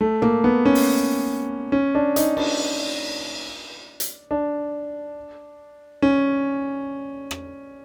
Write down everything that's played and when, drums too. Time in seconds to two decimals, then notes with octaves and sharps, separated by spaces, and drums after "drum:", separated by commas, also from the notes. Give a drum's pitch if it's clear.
0.01 A3
0.22 A#3, drum: tom
0.44 B3
0.66 C#4
0.75 drum: open hi-hat
1.72 C#4
1.95 D4
2.16 D#4, drum: hi-hat
2.37 D4, drum: cymbal
4.00 drum: hi-hat
4.31 D4
6.02 C#4
7.31 drum: rim click